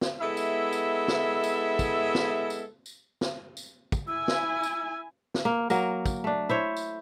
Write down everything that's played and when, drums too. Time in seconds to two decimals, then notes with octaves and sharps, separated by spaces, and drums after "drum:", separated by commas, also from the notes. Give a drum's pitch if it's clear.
0.01 drum: snare
0.21 G#3 B3 E4 A4 E5
0.37 drum: tambourine
0.73 drum: tambourine
1.08 drum: snare
1.44 drum: tambourine
1.79 drum: kick, tambourine
2.15 drum: snare
2.50 drum: tambourine
2.86 drum: tambourine
3.21 drum: snare
3.57 drum: tambourine
3.92 drum: kick, tambourine
4.07 E4 G#5 E6
4.28 drum: snare
4.63 drum: tambourine
5.34 drum: snare
5.45 A#3
5.70 F#3 A#3 A#4, drum: tambourine
6.06 drum: kick, tambourine
6.24 A3 D4
6.49 E4 C5 C#5
6.77 drum: tambourine